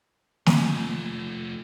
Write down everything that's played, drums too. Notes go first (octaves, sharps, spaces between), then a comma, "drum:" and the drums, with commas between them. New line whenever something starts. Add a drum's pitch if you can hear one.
F3 A3, drum: snare